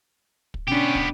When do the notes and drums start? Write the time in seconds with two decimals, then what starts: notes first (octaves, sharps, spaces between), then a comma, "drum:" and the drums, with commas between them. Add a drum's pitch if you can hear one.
0.54 drum: kick
0.68 B2 B3 C#4 D4 G4
0.95 drum: kick